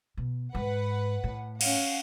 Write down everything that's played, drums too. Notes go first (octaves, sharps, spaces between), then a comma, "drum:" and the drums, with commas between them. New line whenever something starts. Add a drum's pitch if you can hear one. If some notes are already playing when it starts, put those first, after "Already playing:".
B2
G#2 B4 F#5
A2
C#4 F5 F#5, drum: cymbal